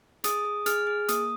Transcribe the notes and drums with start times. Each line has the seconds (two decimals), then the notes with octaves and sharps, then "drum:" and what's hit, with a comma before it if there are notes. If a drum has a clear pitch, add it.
0.24 G#4 D#6, drum: hi-hat
0.45 G#4
0.66 G#4 F6, drum: hi-hat
0.87 G#4
1.09 A#3 D#6, drum: hi-hat